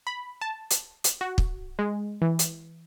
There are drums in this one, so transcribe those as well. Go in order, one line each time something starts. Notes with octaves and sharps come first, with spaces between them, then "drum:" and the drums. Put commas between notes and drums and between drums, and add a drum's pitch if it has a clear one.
B5
A5
drum: hi-hat
drum: hi-hat
F#4
drum: kick
G#3
E3
drum: hi-hat